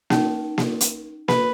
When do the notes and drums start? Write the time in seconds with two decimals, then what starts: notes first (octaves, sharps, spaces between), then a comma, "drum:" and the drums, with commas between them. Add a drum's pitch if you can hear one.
0.10 C#4 D#4, drum: snare A#3
0.58 drum: snare A#3
0.81 drum: hi-hat
1.28 B4, drum: snare A#3